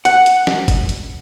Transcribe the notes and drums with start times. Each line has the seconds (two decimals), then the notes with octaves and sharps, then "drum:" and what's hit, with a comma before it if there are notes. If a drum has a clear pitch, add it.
0.05 F#5, drum: hi-hat
0.26 drum: hi-hat
0.47 drum: snare
0.68 drum: kick, hi-hat
0.89 drum: hi-hat